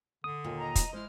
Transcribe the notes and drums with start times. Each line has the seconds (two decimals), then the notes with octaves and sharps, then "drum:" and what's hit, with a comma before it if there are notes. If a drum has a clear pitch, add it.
0.24 D3 D#6
0.44 D#2 A#2
0.58 D#5 A#5
0.75 drum: kick, hi-hat
0.93 G#3 E4 C5 F6